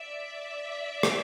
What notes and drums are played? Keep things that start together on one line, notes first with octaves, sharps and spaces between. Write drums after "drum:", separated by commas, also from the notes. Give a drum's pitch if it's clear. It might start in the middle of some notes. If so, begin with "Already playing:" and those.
Already playing: D5 E5
drum: rim click